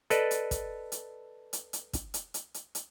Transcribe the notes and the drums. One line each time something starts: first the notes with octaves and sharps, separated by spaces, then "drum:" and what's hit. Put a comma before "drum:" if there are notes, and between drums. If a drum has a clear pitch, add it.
A4 B4 D5 D#5, drum: hi-hat
drum: hi-hat
drum: kick, hi-hat
drum: hi-hat
drum: hi-hat
drum: hi-hat
drum: kick, hi-hat
drum: hi-hat
drum: hi-hat
drum: hi-hat
drum: hi-hat